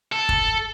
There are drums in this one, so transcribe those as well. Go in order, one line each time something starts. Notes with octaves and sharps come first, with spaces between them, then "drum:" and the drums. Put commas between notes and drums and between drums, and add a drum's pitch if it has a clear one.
A4
drum: kick